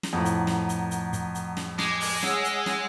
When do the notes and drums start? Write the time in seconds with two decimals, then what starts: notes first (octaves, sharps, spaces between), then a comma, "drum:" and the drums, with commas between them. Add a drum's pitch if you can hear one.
0.03 drum: snare
0.13 F2 A2 F#5 A#5
0.25 drum: hi-hat
0.47 drum: snare
0.69 drum: hi-hat
0.91 drum: hi-hat
1.13 drum: kick, hi-hat
1.35 drum: hi-hat
1.57 drum: snare
1.79 G#3 D6 G#6, drum: snare
2.00 drum: open hi-hat
2.23 G#4 C#5 F#5 E6, drum: snare
2.44 drum: hi-hat
2.66 drum: snare